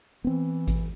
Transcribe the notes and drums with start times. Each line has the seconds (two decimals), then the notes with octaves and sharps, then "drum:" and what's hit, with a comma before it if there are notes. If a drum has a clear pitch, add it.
0.24 E3 B3 C4
0.67 drum: kick G#1, hi-hat